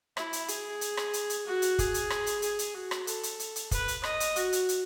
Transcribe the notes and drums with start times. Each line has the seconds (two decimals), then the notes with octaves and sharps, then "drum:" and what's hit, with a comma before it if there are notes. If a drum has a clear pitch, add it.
0.17 E4, drum: rim click
0.33 drum: hi-hat
0.48 G#4, drum: hi-hat
0.81 drum: hi-hat
0.97 drum: rim click
1.13 drum: hi-hat
1.30 drum: hi-hat
1.46 F#4
1.62 drum: hi-hat
1.79 G#4, drum: kick, hi-hat
1.94 drum: hi-hat
2.10 drum: rim click
2.26 drum: hi-hat
2.42 G#4, drum: hi-hat
2.59 drum: hi-hat
2.74 F#4
2.91 drum: rim click
3.07 A4, drum: hi-hat
3.23 drum: hi-hat
3.40 drum: hi-hat
3.56 drum: hi-hat
3.71 B4, drum: kick, hi-hat
3.88 drum: hi-hat
4.03 D#5, drum: rim click
4.20 drum: hi-hat
4.36 F#4, drum: hi-hat
4.53 drum: hi-hat
4.69 drum: hi-hat